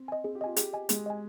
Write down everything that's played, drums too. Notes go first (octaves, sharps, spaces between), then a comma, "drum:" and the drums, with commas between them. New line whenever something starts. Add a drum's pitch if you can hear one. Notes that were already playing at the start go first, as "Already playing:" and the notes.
Already playing: C4
D#5 G#5
C4 G#4
G4
F4 D#5 G#5
G4 G#4, drum: hi-hat
D#5 G#5
G#3 G#4, drum: hi-hat
D#5 G#5